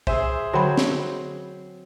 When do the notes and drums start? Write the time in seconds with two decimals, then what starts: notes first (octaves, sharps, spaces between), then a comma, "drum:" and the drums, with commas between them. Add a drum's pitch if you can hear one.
0.07 G#4 C5 E5 G#5 E6, drum: kick
0.53 D3 F#3 C4 B5
0.77 drum: snare